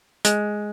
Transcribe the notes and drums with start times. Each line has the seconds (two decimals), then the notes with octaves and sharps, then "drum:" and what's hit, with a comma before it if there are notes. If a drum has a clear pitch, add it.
0.25 G#3, drum: hi-hat